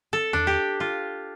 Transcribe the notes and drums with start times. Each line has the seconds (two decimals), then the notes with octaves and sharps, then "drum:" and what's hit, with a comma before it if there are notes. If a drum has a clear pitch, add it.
0.13 A4, drum: snare C4
0.33 D4, drum: tom E2
0.47 G4
0.80 F4